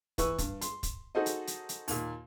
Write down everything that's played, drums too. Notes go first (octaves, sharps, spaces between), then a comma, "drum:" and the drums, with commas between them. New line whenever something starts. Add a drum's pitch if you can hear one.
E3 B4 C#6 E6, drum: kick, hi-hat
G2, drum: kick, hi-hat
C6, drum: hi-hat
drum: kick, hi-hat
D#4 F#4 G#4 A4 C5 D#5
drum: hi-hat
drum: hi-hat
drum: hi-hat
D#2 A#2, drum: open hi-hat